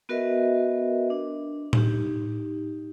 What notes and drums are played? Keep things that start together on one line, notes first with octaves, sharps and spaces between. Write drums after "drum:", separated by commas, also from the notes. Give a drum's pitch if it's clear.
B3 F#4 A#4 B4 D#5 E5
D4
D#4 G4, drum: tom A2